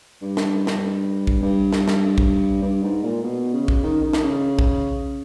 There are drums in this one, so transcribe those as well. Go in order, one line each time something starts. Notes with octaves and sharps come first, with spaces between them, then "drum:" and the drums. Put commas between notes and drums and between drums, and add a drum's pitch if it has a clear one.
G2
drum: snare
drum: snare
drum: kick
G2
drum: snare
drum: snare
drum: kick
G2
G#2
A#2
B2
C#3
drum: kick
D#3
D#3
drum: snare
C#3
drum: kick